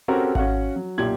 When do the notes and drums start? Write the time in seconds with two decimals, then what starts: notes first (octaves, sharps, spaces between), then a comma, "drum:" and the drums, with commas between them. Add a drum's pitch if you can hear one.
0.08 C4 C#4 F#4 G4 A4 A#4
0.35 C#4 F#4 F5 F#5, drum: kick G#1
0.76 F#3
0.98 B1 F#2 A#2 G4 G#6 F#7